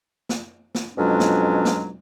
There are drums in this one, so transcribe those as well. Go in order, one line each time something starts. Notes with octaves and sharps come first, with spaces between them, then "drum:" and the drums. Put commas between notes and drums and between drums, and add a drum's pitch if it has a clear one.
drum: snare
drum: snare
F2 B2 F#3 G#3 C#4 D4
drum: snare
drum: snare